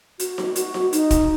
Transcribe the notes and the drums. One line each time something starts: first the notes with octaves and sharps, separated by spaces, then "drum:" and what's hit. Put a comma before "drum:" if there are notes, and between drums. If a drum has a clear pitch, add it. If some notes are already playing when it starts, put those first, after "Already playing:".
F#4, drum: hi-hat
drum: snare D#4
F#4, drum: hi-hat
drum: snare D#4
D#4, drum: hi-hat
drum: kick, hi-hat